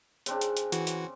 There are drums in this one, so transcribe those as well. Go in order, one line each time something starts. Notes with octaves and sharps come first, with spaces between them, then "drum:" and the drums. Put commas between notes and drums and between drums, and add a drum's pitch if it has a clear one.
C#3 C4 D4, drum: hi-hat
drum: hi-hat
drum: hi-hat
E3 F#4, drum: hi-hat
drum: hi-hat